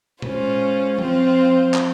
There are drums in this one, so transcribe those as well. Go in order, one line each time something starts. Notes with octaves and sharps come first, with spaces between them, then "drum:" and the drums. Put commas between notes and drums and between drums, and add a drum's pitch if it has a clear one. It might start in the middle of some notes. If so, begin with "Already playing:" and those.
G#3 C#4 F4 C5, drum: tom A#2
F3 C4 F4 C5, drum: tom F3
drum: clap